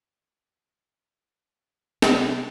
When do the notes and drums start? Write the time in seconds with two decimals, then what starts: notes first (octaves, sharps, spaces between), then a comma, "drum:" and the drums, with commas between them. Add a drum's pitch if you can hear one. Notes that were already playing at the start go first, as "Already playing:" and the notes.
2.02 C3, drum: snare C4